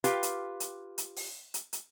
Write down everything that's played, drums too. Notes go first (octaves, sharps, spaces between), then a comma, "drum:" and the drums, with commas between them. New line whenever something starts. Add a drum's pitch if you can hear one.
F4 G4 B4 F5 G5, drum: hi-hat
drum: hi-hat
drum: hi-hat
drum: hi-hat
drum: open hi-hat
drum: hi-hat
drum: hi-hat